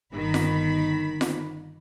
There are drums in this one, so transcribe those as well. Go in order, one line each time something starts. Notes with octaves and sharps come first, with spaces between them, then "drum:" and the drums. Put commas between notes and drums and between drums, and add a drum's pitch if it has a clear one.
G1 D#3 B5
drum: snare F4
drum: snare F4